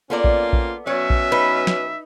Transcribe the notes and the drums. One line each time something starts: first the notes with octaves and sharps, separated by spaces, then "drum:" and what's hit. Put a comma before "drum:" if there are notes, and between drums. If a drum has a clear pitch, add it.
A#3 B3 C#4 F4 A4 D5
drum: kick A#1
drum: kick A#1
B2 F#3 C#4 C#5 E5
drum: kick A#1
D#4 B4
drum: snare